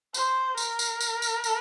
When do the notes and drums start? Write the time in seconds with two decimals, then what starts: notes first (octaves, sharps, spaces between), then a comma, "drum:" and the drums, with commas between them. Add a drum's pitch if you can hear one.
0.14 C5, drum: tambourine
0.57 A#4, drum: tambourine
0.79 drum: tambourine
1.01 drum: tambourine
1.22 drum: tambourine
1.44 drum: tambourine